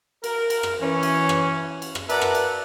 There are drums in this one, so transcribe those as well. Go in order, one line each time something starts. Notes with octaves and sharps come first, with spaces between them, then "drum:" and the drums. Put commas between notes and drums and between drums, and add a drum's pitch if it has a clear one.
A#4, drum: cymbal
drum: cymbal
drum: rim click
E3 C#4
drum: cymbal
drum: rim click
drum: cymbal
drum: rim click
A#4 B4 D5 E5 F#5 A5, drum: cymbal
drum: rim click
drum: cymbal